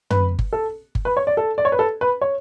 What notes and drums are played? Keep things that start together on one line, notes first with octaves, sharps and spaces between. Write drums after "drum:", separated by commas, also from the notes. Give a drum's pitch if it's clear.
B4, drum: tom
drum: kick G1
A4
drum: kick G1
B4
C#5
D5
A4
D5
C#5
B4
A4
B4
C#5